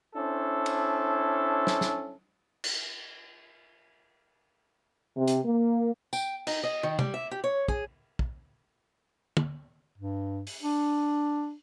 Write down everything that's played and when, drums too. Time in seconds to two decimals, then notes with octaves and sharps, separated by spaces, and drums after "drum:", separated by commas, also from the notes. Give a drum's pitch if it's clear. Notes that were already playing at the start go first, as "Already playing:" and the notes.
0.14 C#4 D4 E4 A4 C5
0.66 drum: cymbal
1.67 drum: snare
1.81 drum: snare
2.64 drum: cymbal
5.16 C3
5.28 drum: hi-hat
5.45 A#3
6.13 G5, drum: tambourine
6.47 D#4, drum: cymbal
6.63 D#5
6.83 D#3
6.99 G3, drum: tom
7.14 E5
7.31 G4
7.44 C#5
7.68 G#4, drum: kick
8.19 drum: kick
9.37 drum: tom
9.98 G2
10.47 drum: open hi-hat
10.63 D4